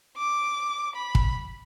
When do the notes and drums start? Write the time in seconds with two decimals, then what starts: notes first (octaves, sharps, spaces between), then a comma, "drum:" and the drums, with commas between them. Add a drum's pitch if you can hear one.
0.17 D6
0.96 B5
1.15 drum: kick